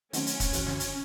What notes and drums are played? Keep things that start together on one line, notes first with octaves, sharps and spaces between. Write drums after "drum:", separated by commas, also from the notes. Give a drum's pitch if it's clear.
D#3 F#3 A3 C4 C#4, drum: hi-hat
drum: hi-hat
drum: kick E1, hi-hat
F#2 E3 C4 F#4, drum: hi-hat
drum: snare
drum: hi-hat